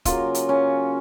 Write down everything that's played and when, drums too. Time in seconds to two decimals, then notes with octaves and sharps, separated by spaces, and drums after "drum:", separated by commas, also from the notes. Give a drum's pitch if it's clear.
0.05 C#3 F#3 A#3 F4, drum: kick, hi-hat
0.35 drum: hi-hat
0.49 C#4